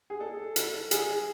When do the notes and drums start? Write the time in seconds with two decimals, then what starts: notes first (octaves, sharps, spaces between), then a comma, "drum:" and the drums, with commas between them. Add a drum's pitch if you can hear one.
0.10 G#4
0.20 A4
0.56 drum: hi-hat
0.91 G#4, drum: hi-hat